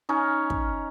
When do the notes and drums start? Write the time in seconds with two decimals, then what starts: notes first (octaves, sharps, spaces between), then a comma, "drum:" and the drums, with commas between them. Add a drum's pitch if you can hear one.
0.09 C#4 D#4
0.50 drum: kick